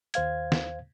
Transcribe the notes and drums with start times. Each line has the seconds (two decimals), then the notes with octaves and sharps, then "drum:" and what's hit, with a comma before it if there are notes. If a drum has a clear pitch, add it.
0.14 D#2 C5 F5 G#6, drum: hi-hat
0.52 drum: snare